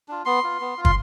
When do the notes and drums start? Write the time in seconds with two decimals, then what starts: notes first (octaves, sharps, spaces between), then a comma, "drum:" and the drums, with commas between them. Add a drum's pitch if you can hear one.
0.08 D4 F4
0.25 B3 C6
0.44 F4
0.60 B3
0.78 F4
0.85 C6, drum: kick